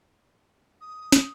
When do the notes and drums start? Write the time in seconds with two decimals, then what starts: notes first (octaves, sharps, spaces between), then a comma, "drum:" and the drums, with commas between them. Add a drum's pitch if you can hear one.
0.80 D#6
1.12 drum: snare